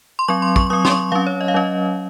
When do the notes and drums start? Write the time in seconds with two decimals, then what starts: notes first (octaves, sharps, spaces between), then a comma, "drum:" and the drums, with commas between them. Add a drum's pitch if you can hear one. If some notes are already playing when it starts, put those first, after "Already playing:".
0.19 C6
0.28 F#3 C4 C#6
0.42 C6
0.56 C#6, drum: kick
0.67 C#6
0.70 F#3 C4 D#6
0.85 C6, drum: snare
0.91 C#6
1.12 F#3 C#4 F5
1.27 C#5
1.41 D#5
1.48 F5
1.54 F#3 C#4 D#5